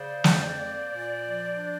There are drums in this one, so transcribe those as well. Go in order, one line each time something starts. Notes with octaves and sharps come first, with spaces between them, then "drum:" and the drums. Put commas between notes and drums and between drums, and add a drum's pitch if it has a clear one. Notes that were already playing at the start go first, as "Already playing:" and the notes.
Already playing: C#3 C5 D5
F2, drum: snare
A#3
A#2
F3
D4